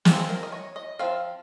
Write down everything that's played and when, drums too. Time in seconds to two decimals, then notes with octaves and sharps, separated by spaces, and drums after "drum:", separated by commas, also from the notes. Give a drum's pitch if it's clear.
0.05 F3 C4 D#4 G#4, drum: snare
0.29 A#4
0.43 D#5
0.52 C#5
0.76 D#5
0.99 F3 C4 F5